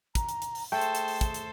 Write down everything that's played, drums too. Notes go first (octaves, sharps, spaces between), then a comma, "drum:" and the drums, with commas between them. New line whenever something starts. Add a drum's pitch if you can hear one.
A#5, drum: kick, hi-hat
drum: hi-hat
drum: hi-hat
drum: open hi-hat
A3 G#4 A4 C5 G5
drum: hi-hat
drum: hi-hat
drum: open hi-hat
drum: kick, hi-hat
drum: hi-hat